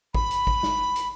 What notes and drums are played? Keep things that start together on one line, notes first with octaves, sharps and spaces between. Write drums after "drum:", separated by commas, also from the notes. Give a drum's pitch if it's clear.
B5, drum: kick
drum: hi-hat
drum: kick
drum: snare
drum: hi-hat